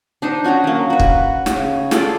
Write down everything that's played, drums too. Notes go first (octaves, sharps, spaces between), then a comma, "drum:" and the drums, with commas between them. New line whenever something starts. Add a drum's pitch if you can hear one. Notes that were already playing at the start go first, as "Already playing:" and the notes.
D4 D#4 C5
C#4 F#4 D#5 A#5
F#3 A#3
F#4 B4
drum: kick
drum: snare
C#3
F4 G#4 A4 D5, drum: snare